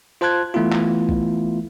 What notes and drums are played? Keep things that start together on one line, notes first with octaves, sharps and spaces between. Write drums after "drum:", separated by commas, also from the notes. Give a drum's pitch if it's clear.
F4 C5 A5 C6 F#6 G#6
E3 A3 B3 E4 F4
drum: clap
drum: kick